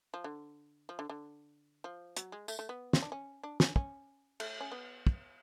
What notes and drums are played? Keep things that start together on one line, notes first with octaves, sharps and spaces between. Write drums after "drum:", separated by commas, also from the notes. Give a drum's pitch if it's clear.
F3
D3
F3
D3
D3
F3
F#3, drum: hi-hat
G#3
A3, drum: tambourine
A3
B3
F4, drum: snare
D4
C#4
D4
C#4, drum: snare
C#4, drum: kick
A3, drum: cymbal
C#4
B3
drum: kick